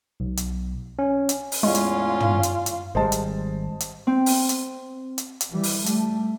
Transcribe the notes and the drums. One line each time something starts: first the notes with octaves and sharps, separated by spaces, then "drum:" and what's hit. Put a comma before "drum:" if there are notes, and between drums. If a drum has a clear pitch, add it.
B1
drum: hi-hat
C#4
drum: hi-hat
drum: open hi-hat
E2 A2 G#3 C#4 F4 C6
drum: hi-hat
drum: tom
drum: hi-hat
drum: hi-hat
G#1 G3 G#3 C5 D#5 A5
drum: hi-hat
drum: hi-hat
C4
drum: open hi-hat
drum: hi-hat
drum: hi-hat
drum: hi-hat
E3 G3
drum: open hi-hat
G3 A3, drum: hi-hat